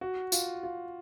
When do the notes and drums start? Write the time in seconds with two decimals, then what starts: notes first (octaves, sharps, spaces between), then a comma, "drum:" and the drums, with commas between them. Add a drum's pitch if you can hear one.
0.01 F#4
0.32 F4, drum: tambourine
0.63 F4